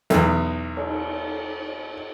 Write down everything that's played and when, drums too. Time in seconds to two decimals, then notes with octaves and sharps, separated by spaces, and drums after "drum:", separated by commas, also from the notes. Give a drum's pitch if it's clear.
0.10 B1 E2, drum: hi-hat
0.77 drum: cymbal